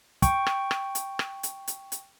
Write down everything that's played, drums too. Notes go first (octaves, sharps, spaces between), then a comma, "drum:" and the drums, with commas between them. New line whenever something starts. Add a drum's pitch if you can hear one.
G5 C#6, drum: kick, hi-hat
drum: rim click
drum: rim click
drum: hi-hat
drum: rim click
drum: hi-hat
drum: hi-hat
drum: hi-hat